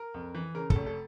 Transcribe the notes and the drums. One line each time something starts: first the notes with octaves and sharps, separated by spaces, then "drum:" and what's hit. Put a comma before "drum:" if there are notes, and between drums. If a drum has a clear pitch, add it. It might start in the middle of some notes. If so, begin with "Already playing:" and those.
Already playing: A#4
F2
E3
C#3 A#4
A4, drum: kick
F1
A4